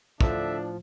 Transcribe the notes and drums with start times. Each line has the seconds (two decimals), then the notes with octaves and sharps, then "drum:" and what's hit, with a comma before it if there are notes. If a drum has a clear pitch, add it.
0.21 A2 D3 F3 D4 E5, drum: kick